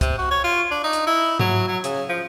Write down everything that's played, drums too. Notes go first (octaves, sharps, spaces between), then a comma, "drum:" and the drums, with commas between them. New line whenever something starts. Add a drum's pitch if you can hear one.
C3, drum: kick, hi-hat
F#4
C#5
F4
D4
D#4
drum: hi-hat
E4
F#3, drum: tom G#2
F#3
C#3, drum: hi-hat
F3